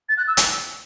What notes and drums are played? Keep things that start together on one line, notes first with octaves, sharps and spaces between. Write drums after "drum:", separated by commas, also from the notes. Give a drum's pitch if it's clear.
A6
F#6
E6
drum: hi-hat